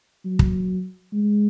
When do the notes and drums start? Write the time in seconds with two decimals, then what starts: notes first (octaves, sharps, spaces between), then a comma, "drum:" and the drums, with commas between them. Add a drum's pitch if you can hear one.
0.25 F#3
0.39 drum: kick
1.12 G#3